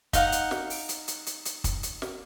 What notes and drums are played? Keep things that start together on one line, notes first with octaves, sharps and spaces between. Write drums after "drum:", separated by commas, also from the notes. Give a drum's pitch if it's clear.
D#4 F5 F#5, drum: kick, hi-hat
drum: hi-hat
drum: snare
drum: open hi-hat
drum: hi-hat
drum: hi-hat
drum: hi-hat
drum: hi-hat
drum: kick, hi-hat
drum: hi-hat
drum: snare